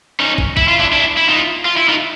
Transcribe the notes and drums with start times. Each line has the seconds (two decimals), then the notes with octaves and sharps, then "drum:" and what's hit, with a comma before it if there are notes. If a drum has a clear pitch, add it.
0.20 C#4 D#4
0.38 drum: kick
0.57 E4, drum: kick
0.68 F4
0.79 D4 E4
0.93 D4 E4
1.17 E4
1.28 D#4 F4
1.65 F4
1.77 E4
1.89 D#4 F4